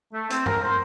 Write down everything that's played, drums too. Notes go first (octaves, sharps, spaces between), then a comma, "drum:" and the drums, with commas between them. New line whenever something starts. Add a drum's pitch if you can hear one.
A3
C4, drum: hi-hat
A#4, drum: tom
C5